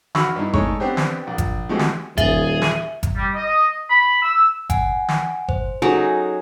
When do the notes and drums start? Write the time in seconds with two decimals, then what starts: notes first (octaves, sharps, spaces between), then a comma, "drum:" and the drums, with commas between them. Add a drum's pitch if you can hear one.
0.15 F#4 B5 C#6 E6 F6, drum: snare
0.36 G2 D#4 E4
0.53 G#3 A3 D#4 C#5, drum: kick G1
0.80 B3 C4 D4 G4 C5
0.97 drum: snare
1.27 A#1
1.38 drum: kick G1, hi-hat
1.69 F3 G#3 A3 C4 F#4 G4
1.79 drum: snare
2.18 D#1 G#4 E5, drum: kick G1, hi-hat
2.62 drum: snare
3.03 drum: kick G1, hi-hat
3.16 G3
3.35 D#5
3.90 B5
4.23 E6
4.70 F#5 G#5, drum: kick G1, hi-hat
5.09 drum: snare
5.48 C5, drum: kick G1
5.82 F#3 C#4 D#4 G#4 A4 G#5